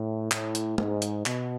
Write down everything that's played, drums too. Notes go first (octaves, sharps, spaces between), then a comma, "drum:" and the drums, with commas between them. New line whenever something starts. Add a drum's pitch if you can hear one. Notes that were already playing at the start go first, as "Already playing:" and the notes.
Already playing: A2
A2, drum: clap
drum: hi-hat
G#2, drum: tom
drum: hi-hat
B2, drum: clap